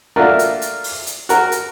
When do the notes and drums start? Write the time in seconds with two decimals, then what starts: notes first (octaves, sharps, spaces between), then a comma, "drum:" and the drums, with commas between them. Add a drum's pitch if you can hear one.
0.16 A3 A#3 D4 F4 F#4 A#4
0.39 drum: hi-hat
0.62 drum: hi-hat
0.84 drum: open hi-hat
1.07 drum: hi-hat
1.29 F#4 A#4, drum: hi-hat
1.52 drum: hi-hat